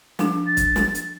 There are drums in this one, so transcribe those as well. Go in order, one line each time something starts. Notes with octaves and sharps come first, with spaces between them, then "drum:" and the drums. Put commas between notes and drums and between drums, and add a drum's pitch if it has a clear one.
F3 D4, drum: snare
A6
drum: kick, hi-hat
drum: snare
drum: hi-hat